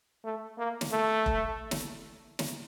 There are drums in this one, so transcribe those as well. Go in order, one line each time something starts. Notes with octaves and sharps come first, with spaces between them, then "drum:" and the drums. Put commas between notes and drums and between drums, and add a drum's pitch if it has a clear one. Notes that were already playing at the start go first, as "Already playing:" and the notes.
A3
A#3
drum: snare
A3
drum: kick F1
drum: snare
drum: snare